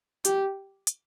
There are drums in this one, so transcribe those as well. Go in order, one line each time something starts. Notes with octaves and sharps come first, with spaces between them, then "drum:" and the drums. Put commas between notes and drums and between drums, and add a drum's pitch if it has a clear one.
G4, drum: hi-hat
drum: hi-hat